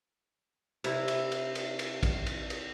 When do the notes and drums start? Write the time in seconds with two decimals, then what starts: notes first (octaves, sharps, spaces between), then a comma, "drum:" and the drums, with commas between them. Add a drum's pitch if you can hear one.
0.84 C3 E4, drum: cymbal
1.08 drum: cymbal
1.32 drum: cymbal
1.55 drum: cymbal
1.79 drum: cymbal
2.03 drum: kick, cymbal
2.26 drum: cymbal
2.50 drum: cymbal